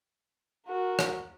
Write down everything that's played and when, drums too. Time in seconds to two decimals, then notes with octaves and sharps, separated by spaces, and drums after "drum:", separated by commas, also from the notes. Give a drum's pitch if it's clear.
0.67 F#4 A#4
0.99 drum: rim click